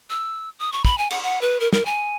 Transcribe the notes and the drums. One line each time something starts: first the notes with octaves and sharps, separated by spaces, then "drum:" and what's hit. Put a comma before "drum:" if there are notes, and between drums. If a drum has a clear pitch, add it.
E6
D#6
C#6
B5, drum: kick
G#5
F#5, drum: cymbal
F#5
B4
A#4
A#4, drum: snare
G#5